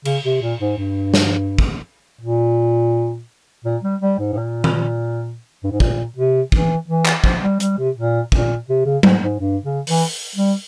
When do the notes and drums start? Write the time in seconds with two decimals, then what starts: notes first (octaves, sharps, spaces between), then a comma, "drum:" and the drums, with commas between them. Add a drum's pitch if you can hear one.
0.05 C#3, drum: cymbal
0.24 C3
0.42 A#2
0.60 G#2
0.78 G2
1.14 drum: snare
1.59 drum: kick
2.21 A#2
3.65 A#2
3.83 G3
4.01 G3
4.18 G#2
4.33 G#2
4.37 A#2
4.64 drum: tom D#3
5.64 G2
5.72 G#2
5.80 A#2, drum: kick
6.16 C3
6.52 E3, drum: kick
6.89 E3
7.05 drum: clap
7.24 F3, drum: kick
7.43 G3
7.60 G3, drum: hi-hat
7.78 C3
7.96 A#2
8.32 A#2, drum: kick
8.69 C3
8.85 C#3
9.03 G#2, drum: tom F#3
9.22 G#2
9.40 G2
9.64 C#3
9.87 E3, drum: open hi-hat
10.36 G3